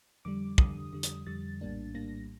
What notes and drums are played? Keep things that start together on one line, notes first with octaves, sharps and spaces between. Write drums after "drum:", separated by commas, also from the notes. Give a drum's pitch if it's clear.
F2 D3 G3 D6
F2 D3 G3 D#6, drum: kick
F2 D3 G3
drum: hi-hat
F2 D3 G3 A6
A#1 A2 G3 A#3 D4
A#1 A2 G3 A#3 D4 A#6